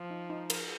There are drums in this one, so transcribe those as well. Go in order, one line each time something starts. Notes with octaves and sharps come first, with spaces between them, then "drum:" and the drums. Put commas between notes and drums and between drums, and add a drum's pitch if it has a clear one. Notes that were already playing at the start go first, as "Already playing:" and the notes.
Already playing: F3
D#4
D#4
A#4, drum: cymbal